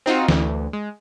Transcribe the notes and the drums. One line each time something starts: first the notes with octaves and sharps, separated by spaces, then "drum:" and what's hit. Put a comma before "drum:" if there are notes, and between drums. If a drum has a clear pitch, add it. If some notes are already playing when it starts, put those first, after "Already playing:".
C4 D#4 F4 F#4
D2 E3, drum: snare
G#3